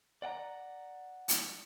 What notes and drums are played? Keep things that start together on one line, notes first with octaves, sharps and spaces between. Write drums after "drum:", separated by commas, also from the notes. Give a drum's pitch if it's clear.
D5 F#5 G5 A#5
drum: hi-hat